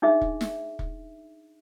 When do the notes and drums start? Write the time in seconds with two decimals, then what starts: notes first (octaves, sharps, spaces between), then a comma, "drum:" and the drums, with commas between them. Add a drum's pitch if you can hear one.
0.02 D4 D#4 G#4 E5
0.21 drum: kick
0.41 drum: snare
0.79 drum: kick